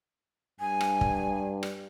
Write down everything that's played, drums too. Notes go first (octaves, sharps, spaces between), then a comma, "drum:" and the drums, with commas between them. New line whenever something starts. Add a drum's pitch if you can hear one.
G2 G#5
drum: rim click
drum: kick
drum: rim click